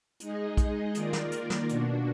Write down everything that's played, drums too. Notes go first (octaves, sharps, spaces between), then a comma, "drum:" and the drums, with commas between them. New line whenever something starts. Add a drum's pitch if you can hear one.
G#3 D#4 G#4 D#5, drum: hi-hat
drum: kick, hi-hat
D#3 A#3 F4 A#4 D5, drum: hi-hat
drum: snare
drum: hi-hat
drum: snare
B2 A#3 D4 F#4, drum: hi-hat